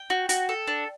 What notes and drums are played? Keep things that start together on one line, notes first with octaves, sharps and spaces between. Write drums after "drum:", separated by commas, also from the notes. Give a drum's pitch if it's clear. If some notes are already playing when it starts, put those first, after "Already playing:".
Already playing: G5
F#4
F#4, drum: hi-hat
A4
D4